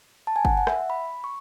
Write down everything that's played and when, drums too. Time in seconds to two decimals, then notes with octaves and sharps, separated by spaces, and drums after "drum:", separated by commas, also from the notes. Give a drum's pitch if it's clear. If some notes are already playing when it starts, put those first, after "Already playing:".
0.27 A5
0.36 G#5
0.45 F#5, drum: kick G1
0.57 F#5
0.67 E5, drum: rim click
0.90 B5
1.24 C#6